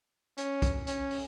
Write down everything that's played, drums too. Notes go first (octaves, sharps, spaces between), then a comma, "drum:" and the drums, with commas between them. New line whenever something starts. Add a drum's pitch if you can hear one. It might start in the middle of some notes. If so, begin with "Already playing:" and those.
C#4, drum: hi-hat
drum: kick, hi-hat
C#4, drum: hi-hat
drum: open hi-hat